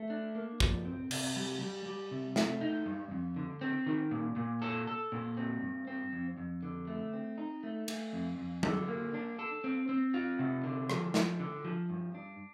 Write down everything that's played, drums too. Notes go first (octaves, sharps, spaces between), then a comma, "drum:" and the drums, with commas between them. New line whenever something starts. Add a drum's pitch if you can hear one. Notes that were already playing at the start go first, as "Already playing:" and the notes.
Already playing: A3
D4
A#3
F3, drum: kick
C4
C3, drum: cymbal
G3
G3
G3
C3
A3, drum: snare
D#4
G2
F2
D3
C4
D#3
A#2
A#2
A4
A4
A#2
C4
G2
C4
F2
F2
D3
A3
C4
D#4
A3
A3, drum: cymbal
F2
F2
D3, drum: tom F#3
A#3
D4
A4
C4
C4
F4
C3
D3
F3, drum: rim click
F3, drum: snare
D3
F3
G2
D4